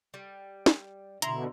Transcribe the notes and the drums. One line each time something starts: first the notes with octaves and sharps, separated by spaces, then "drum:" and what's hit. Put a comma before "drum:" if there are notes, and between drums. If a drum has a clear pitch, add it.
G3
drum: snare
B2 D3 E4 A#5 C6, drum: hi-hat